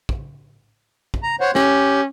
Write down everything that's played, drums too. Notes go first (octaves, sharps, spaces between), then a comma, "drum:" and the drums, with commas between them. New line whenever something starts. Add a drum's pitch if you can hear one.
drum: kick
drum: kick
A#5
C5 C#5 F#5
C#4 G4, drum: snare